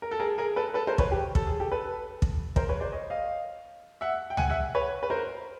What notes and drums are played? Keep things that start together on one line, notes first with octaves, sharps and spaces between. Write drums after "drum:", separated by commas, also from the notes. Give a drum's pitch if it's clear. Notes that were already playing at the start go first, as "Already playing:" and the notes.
A#4
A4
G#4 A#4
G#4 A#4
A4 B4
A4 B4
A#4 C5
B4 C#5, drum: kick
G4
A4, drum: kick
G#4
G4 A4
A4 B4
drum: kick
A#4 C5, drum: kick
B4 C#5
C5 D5
C#5 D#5
D#5 F5
E5 F#5
G5
F#5 G#5, drum: tom C#2
E5 F#5
B4 C#5
B4
A#4 C5